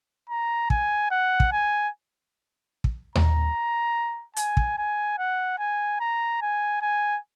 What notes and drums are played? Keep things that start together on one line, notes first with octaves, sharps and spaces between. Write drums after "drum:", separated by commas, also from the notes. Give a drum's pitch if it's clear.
A#5
G#5, drum: kick
F#5
drum: kick
G#5
drum: kick
A#5, drum: tom D#2
G#5, drum: hi-hat
drum: kick
G#5
F#5
G#5
A#5
G#5
G#5